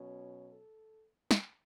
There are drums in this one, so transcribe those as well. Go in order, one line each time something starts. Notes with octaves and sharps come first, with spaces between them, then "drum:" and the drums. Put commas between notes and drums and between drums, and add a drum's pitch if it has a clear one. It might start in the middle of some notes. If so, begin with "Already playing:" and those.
Already playing: B2 F#3 C#4 C#5
A4
drum: snare